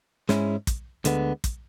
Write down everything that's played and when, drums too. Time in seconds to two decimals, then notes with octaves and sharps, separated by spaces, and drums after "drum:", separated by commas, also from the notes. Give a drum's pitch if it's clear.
0.29 G#2 G#3 C#4 E4, drum: snare
0.67 drum: kick, hi-hat
1.05 D2 D3 G#3 B3, drum: hi-hat
1.44 drum: kick, hi-hat